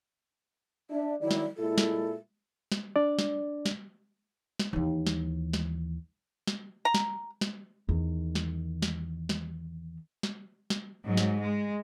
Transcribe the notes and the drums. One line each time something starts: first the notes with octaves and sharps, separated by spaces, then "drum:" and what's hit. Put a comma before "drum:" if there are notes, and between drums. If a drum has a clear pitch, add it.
D4 E5
D#3 F#3 E4 D5
drum: snare
A#2 G#3 E4 A4
drum: snare
drum: snare
D4 D5
drum: snare
drum: snare
drum: snare
D#2 E3
drum: snare
drum: snare
drum: snare
A#5
drum: snare
drum: snare
E2 D#3
drum: snare
drum: snare
drum: snare
drum: snare
drum: snare
G#2 F#3
drum: snare
G#3